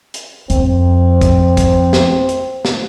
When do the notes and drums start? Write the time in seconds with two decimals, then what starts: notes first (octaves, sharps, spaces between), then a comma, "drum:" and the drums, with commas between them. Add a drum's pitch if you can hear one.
0.14 drum: hi-hat
0.50 F2 C4, drum: hi-hat
1.21 drum: kick, hi-hat
1.57 drum: kick, hi-hat
1.93 drum: snare
2.29 drum: hi-hat
2.65 drum: snare